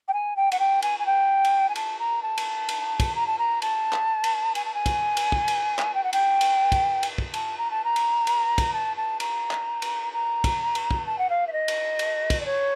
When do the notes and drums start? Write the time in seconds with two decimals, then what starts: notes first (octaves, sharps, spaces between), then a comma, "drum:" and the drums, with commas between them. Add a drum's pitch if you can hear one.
0.08 G5
0.13 G#5
0.36 G5
0.52 F#5, drum: cymbal
0.59 G5
0.82 G#5, drum: cymbal
0.99 G#5
1.06 G5
1.45 drum: cymbal
1.69 G#5
1.76 A5, drum: cymbal
1.99 A#5
2.22 A5
2.38 drum: cymbal
2.69 drum: cymbal
3.00 drum: kick, cymbal
3.15 A#5
3.27 A5
3.39 A#5
3.62 A5, drum: cymbal
3.93 drum: clap
4.24 drum: cymbal
4.55 G#5, drum: cymbal
4.65 A5
4.74 G#5
4.86 drum: kick, cymbal
5.17 drum: cymbal
5.32 drum: kick
5.48 drum: cymbal
5.79 drum: clap
5.94 G5
6.03 F#5
6.13 G5, drum: cymbal
6.41 drum: cymbal
6.72 drum: kick, cymbal
7.03 drum: cymbal
7.18 drum: kick
7.34 A5, drum: cymbal
7.58 A#5
7.71 A5
7.84 A#5
7.96 drum: cymbal
8.27 drum: cymbal
8.58 drum: kick, cymbal
8.73 A5
8.97 A5
9.20 A#5, drum: cymbal
9.51 drum: clap
9.82 drum: cymbal
10.13 A#5
10.44 drum: kick, cymbal
10.75 drum: cymbal
10.91 drum: kick
11.06 A5
11.18 F#5
11.30 F5
11.47 E5
11.53 D#5
11.68 drum: cymbal
11.99 drum: cymbal
12.30 drum: kick, cymbal
12.40 D5
12.45 C#5